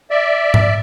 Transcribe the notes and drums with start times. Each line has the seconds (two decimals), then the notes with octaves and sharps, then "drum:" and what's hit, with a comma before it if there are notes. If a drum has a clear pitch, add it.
0.10 D5 E5
0.54 drum: tom G#2